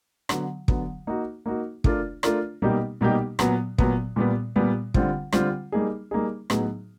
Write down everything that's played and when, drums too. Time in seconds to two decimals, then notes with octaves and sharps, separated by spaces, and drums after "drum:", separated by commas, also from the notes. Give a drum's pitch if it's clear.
0.29 D3 F#3 B3, drum: rim click
0.68 D3 F#3 B3, drum: kick
1.07 A#3 D#4 F#4
1.46 A#3 D#4 F#4
1.84 A3 D4 F4 A#4 D5, drum: kick
2.23 A3 D4 F4 A#4 D5, drum: rim click
2.62 B2 G3 A#3 D#4 G4
3.01 B2 G3 A#3 D#4 G4
3.39 A#2 F#3 B3, drum: rim click
3.78 A#2 F#3 B3, drum: kick
4.16 A#2 G3 B3
4.56 A#2 G3 B3
4.94 D3 G3 C4 F4, drum: kick
5.32 D3 G3 C4 F4, drum: rim click
5.72 G3 A#3 D#4 G#4
6.11 G3 A#3 D#4 G#4
6.50 A2 F#3 B3 D#4 G#4, drum: rim click